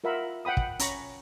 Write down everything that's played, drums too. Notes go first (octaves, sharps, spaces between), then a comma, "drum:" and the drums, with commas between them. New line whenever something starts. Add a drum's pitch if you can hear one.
F4 A#4 E5 F#5 B5
F#5 G5 B5 D#6
drum: kick
C#4 A#5 B5 C#6, drum: hi-hat